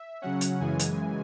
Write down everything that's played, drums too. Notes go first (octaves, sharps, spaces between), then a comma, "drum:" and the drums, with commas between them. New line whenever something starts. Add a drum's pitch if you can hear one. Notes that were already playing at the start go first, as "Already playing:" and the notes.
Already playing: E5
C#3 F#3 C#4 F#5
drum: hi-hat
F#2 C#3 E3 G#3 G#5
drum: hi-hat